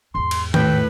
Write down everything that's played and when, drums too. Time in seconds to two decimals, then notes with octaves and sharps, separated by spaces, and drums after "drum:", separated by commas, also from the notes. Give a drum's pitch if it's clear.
0.15 E2 G#2 C6
0.31 drum: cymbal
0.54 A2 B4 G5, drum: tom D#3